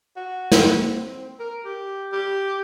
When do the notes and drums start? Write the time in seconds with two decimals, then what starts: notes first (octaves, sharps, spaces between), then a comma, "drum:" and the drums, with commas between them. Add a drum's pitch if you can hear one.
0.17 F#4
0.52 drum: snare
0.71 C4
1.39 A#4
1.65 G4
2.12 G4